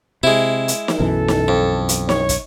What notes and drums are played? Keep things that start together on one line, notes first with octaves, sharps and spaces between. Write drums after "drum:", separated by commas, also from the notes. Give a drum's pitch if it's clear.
C3 G#3 E4
drum: hi-hat
drum: snare
B1 F#2 E3 A4
drum: snare
F2
drum: hi-hat
C#5, drum: snare
drum: kick, hi-hat